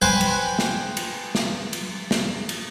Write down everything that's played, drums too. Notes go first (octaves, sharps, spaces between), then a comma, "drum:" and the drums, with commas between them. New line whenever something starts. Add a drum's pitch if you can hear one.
B4 C5 G5 G#5
drum: cymbal
drum: snare
drum: cymbal
drum: snare
drum: cymbal
drum: snare
drum: cymbal